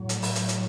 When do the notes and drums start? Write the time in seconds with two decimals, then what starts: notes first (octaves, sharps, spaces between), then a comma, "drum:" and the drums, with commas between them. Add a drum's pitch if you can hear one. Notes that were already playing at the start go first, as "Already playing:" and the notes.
Already playing: A2 F#3
0.09 drum: hi-hat
0.22 drum: open hi-hat
0.35 drum: hi-hat
0.49 drum: hi-hat